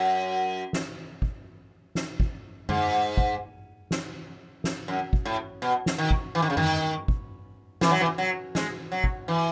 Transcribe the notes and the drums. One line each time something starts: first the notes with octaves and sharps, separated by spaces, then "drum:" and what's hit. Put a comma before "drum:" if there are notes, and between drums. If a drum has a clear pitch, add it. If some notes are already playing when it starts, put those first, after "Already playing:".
Already playing: F#2
drum: snare
drum: kick
drum: snare
drum: kick
G#2, drum: tom F#2
drum: kick
drum: snare
drum: snare
F#2
drum: kick
A2
B2
drum: snare
D#3
drum: kick
E3
D#3
C#3
D#3, drum: tom F#2
drum: kick
E3, drum: snare
F#3
E3
F#3
G#3, drum: snare
F#3
drum: kick
E3